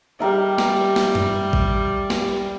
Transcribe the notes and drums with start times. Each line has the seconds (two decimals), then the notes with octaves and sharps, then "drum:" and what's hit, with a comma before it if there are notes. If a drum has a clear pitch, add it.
0.20 G3 G4 A#4 E5
0.58 drum: snare
0.96 drum: snare
1.15 drum: tom F#2
1.53 drum: kick A1
2.10 drum: snare